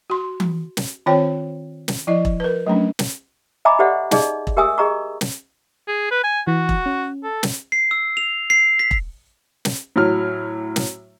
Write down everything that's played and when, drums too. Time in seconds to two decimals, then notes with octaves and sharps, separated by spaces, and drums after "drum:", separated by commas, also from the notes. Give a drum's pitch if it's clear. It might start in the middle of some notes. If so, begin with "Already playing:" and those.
0.10 F#4 C6
0.40 drum: tom E3
0.77 drum: snare
1.06 D#3 C4 F4 C5 C#5 G5
1.88 drum: snare
2.07 F3 E4 D5 D#5
2.25 drum: kick E1
2.40 A#4 B4
2.67 F#3 A3 C#4 D4
2.99 drum: snare
3.65 D#5 E5 G#5 A#5 B5 D6
3.79 G4 A4 C5 D5 E5 F#5
4.11 D#4 G#4 D5 D#5, drum: snare
4.47 drum: kick E1
4.57 G4 A#4 E5 G#5 D#6 E6
4.78 G#4 D#5 A#5 C#6
5.21 drum: snare
5.88 G#4
6.11 B4
6.24 G#5
6.47 E3 F#4
6.69 drum: kick E1
6.86 C#4
7.24 A4
7.43 drum: snare
7.72 C7
7.91 E6
8.17 F7
8.50 C7
8.79 B6
8.91 drum: kick E1
9.65 drum: snare
9.96 A2 F#3 F6
10.76 drum: snare